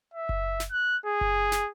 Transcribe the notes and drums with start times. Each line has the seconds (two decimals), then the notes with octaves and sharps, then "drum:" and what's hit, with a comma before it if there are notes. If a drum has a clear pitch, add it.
0.14 E5
0.29 drum: kick F#1
0.60 drum: snare
0.71 F#6
1.06 G#4
1.21 drum: kick F#1
1.52 drum: snare